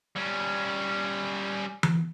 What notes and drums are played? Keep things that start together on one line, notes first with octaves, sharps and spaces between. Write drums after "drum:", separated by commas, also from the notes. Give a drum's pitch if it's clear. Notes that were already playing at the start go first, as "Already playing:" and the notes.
G3 C#4
drum: tom E3